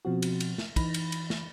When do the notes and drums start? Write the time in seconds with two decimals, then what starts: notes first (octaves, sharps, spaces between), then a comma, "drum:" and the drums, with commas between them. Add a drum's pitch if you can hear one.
0.05 B2 F3 C4 F#4
0.22 drum: cymbal
0.40 drum: cymbal
0.58 drum: snare
0.76 E3 D#4 B5 A#6, drum: kick, cymbal
0.94 drum: cymbal
1.12 drum: cymbal
1.30 drum: snare